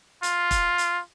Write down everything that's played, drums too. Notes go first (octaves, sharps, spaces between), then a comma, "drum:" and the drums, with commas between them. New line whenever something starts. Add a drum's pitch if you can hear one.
F4, drum: hi-hat
drum: kick E1, hi-hat
drum: hi-hat